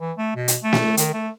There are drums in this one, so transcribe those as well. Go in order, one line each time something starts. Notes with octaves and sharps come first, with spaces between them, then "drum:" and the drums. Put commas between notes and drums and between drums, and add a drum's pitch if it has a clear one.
E3
A3
B2
drum: hi-hat
A3
drum: snare
D#3, drum: hi-hat
A3